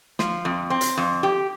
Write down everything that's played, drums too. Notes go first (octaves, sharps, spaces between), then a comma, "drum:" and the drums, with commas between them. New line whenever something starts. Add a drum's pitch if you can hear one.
F3, drum: snare
F2
C4
drum: hi-hat
F2
G4